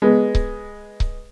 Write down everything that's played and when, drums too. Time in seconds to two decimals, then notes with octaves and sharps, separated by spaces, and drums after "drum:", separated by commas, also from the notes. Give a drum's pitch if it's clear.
0.02 G#3 B3
0.35 drum: kick C#1
1.00 drum: kick C#1